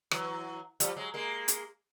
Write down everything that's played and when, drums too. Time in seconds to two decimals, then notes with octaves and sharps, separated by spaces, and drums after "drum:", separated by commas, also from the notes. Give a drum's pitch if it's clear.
0.11 E3 F#3, drum: rim click
0.80 F3 G3, drum: hi-hat
0.96 F#3 G#3
1.14 G#3 A#3
1.48 drum: hi-hat